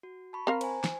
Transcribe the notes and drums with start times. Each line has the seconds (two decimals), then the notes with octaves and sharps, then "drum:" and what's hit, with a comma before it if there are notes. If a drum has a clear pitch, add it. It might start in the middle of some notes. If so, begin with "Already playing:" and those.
0.03 F#4
0.33 A5 B5 C#6
0.47 C4 A#4 F5 A#5
0.61 C5 G#5, drum: cymbal
0.84 drum: snare